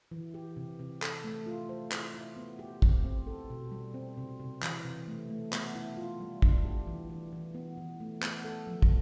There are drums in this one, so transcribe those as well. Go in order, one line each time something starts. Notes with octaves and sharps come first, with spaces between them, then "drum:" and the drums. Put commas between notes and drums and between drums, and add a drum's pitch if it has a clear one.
E3
G4
C3
C3
A4, drum: clap
A3
F4
C5
E4, drum: clap
E4
B3
G4
C4, drum: kick
C4
A4
B2
G3
C4
C3
C3
E3, drum: clap
C3
A3
A3
B3, drum: clap
E4
F4
G3
D4, drum: kick
G4
E3
E3
E3
B3
E3
A3
B3, drum: clap
A4
F3
drum: kick